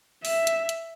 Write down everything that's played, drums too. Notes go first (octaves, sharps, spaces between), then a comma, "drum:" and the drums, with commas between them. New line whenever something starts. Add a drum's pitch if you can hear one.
E5, drum: open hi-hat
drum: hi-hat
drum: hi-hat